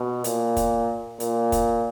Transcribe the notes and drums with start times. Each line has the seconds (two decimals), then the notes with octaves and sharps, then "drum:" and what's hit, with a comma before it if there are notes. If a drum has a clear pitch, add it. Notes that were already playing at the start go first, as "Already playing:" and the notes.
Already playing: B2
0.24 A#2, drum: hi-hat
0.56 drum: kick, hi-hat
1.20 A#2, drum: hi-hat
1.52 drum: kick, hi-hat